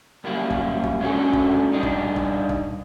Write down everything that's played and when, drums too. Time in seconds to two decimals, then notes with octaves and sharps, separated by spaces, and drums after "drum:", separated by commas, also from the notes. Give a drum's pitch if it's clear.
0.24 F#2 G3 A#3 E4
0.50 drum: kick
0.84 drum: kick
1.00 G#3 C#4 D4 F#4 G#4 A4
1.33 drum: kick
1.73 G3 D4 D#4
1.83 drum: kick
2.16 drum: kick
2.49 drum: kick